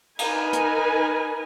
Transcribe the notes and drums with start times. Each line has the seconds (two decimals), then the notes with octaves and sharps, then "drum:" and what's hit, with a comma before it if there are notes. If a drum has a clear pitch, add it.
0.19 D#4 A#4 B4 G#5, drum: cymbal
0.53 drum: hi-hat